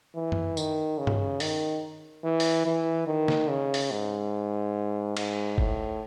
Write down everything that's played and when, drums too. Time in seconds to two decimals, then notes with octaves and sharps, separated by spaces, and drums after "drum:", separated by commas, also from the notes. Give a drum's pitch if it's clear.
0.15 E3
0.32 drum: tom F#2
0.57 D#3, drum: tambourine
0.98 C#3
1.07 drum: tom G2
1.40 D#3, drum: open hi-hat
2.24 E3
2.40 drum: open hi-hat
2.65 E3
3.07 D#3
3.28 drum: snare
3.49 C#3
3.74 drum: open hi-hat
3.91 G#2
5.17 G#2, drum: cymbal
5.58 A2, drum: kick